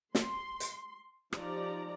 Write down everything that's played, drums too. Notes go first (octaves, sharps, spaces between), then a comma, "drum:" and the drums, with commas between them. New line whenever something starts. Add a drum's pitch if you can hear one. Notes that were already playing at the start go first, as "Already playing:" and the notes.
C6, drum: snare
drum: hi-hat
F3 D#4 G4 D5 A#5, drum: rim click